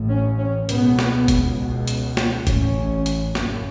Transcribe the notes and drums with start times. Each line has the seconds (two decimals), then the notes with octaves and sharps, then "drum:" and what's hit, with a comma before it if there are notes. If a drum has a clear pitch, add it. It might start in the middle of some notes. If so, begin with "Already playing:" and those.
Already playing: A1 A2
0.10 C#4
0.39 C#4
0.69 C#2 B2 B3, drum: hi-hat
0.99 drum: snare
1.28 drum: kick F1, hi-hat
1.58 C#2 B2
1.88 drum: hi-hat
2.17 drum: snare
2.47 A1 A2 C#4, drum: kick F1, hi-hat
3.06 drum: hi-hat
3.35 F#1 F#2 C#3, drum: snare